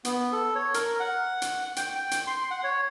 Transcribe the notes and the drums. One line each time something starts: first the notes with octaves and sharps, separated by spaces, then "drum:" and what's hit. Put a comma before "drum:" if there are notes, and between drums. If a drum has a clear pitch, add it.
B3, drum: hi-hat
A4
C#5
A#4, drum: hi-hat
F#5
drum: hi-hat
G5, drum: hi-hat
G5
drum: hi-hat
C6
F#5
C#5